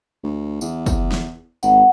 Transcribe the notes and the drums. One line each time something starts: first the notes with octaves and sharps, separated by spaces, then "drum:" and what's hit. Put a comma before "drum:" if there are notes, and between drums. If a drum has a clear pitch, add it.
D2
E2, drum: tambourine
drum: kick, tambourine
drum: snare
G#1 F#5, drum: tambourine